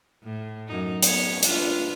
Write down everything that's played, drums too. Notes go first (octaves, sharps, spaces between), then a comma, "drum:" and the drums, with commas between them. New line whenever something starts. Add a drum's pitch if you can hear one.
A2
F#2 D#4
B3 C#5, drum: hi-hat
D4 F4 B4, drum: hi-hat